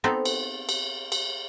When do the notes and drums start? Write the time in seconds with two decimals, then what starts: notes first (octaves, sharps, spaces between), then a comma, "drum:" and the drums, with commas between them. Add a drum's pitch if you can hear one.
0.04 B3 C4 D#4 F#4 A4
0.25 drum: cymbal
0.69 drum: cymbal
1.12 drum: cymbal